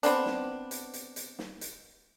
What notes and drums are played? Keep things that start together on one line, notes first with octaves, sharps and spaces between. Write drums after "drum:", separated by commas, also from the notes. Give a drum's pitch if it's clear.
B3 C4 D4, drum: hi-hat
drum: snare
drum: hi-hat
drum: hi-hat
drum: hi-hat
drum: snare
drum: hi-hat